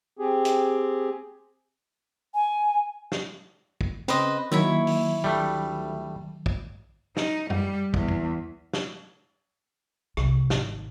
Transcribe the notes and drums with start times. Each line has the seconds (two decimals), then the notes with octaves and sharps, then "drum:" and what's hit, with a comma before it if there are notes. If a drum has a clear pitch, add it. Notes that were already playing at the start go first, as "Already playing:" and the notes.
0.19 C4 G4 G#4
0.45 drum: hi-hat
2.34 G#5
3.12 drum: snare
3.81 drum: kick
4.08 C#3 C4 B4 C5 D#5, drum: hi-hat
4.52 D#3 F#3 A#3 E4 C#5 E5
4.87 drum: open hi-hat
5.24 D2 G3 A3
6.46 drum: kick
7.17 D#4, drum: snare
7.50 G3, drum: tom F#2
7.94 E2, drum: kick
8.08 drum: kick
8.73 drum: snare
10.17 C2, drum: rim click
10.50 G#1, drum: snare